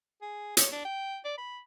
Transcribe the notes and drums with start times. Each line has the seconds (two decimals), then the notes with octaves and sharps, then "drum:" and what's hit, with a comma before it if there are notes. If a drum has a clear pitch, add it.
0.22 G#4
0.57 C#5, drum: hi-hat
0.72 D4
0.85 G5
1.25 D5
1.38 B5